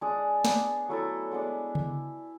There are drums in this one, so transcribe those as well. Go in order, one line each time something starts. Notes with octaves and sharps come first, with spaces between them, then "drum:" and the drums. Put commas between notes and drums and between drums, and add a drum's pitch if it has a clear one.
G#3 D4 G#4 D5
B3 D4 G#4, drum: snare
F#3 A3 E4 A4
G#3 B3 D4
drum: tom C#3